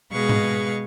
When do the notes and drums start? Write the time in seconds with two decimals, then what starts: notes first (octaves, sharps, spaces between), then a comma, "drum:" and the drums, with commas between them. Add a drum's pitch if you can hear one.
0.12 B2 G#3 G#4 B4 F5 C#6
0.29 drum: tom G#2